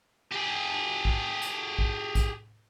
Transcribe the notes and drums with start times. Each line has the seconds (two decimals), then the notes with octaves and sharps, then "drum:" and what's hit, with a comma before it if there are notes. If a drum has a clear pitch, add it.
0.32 G4 G#4
1.05 drum: kick
1.42 drum: hi-hat
1.79 drum: kick
2.15 drum: kick, hi-hat